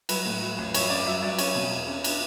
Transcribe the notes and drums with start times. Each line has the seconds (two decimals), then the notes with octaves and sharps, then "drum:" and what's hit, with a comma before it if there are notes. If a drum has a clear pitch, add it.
0.09 F#3 B4, drum: cymbal
0.25 A2
0.42 F#3
0.58 A1
0.74 F#2 C#5, drum: cymbal
0.90 C#4 D5
1.06 F#3 E5
1.22 F#3 D5
1.38 C#4 C#5, drum: cymbal
1.55 B2
1.71 E2
1.87 C#4
2.04 D4, drum: cymbal